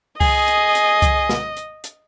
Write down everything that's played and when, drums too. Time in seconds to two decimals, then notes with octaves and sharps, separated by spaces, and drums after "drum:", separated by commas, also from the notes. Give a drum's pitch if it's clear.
0.21 G#4 D#5, drum: kick C2, open hi-hat
0.48 drum: hi-hat
0.75 drum: hi-hat
1.02 drum: kick C2, hi-hat
1.29 drum: snare
1.57 drum: hi-hat
1.84 drum: hi-hat